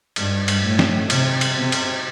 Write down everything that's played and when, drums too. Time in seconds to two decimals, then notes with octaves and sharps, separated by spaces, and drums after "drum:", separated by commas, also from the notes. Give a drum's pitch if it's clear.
0.16 G2, drum: cymbal
0.48 drum: cymbal
0.63 A2
0.79 drum: snare
1.10 C3, drum: cymbal
1.41 drum: cymbal
1.56 C3
1.72 drum: cymbal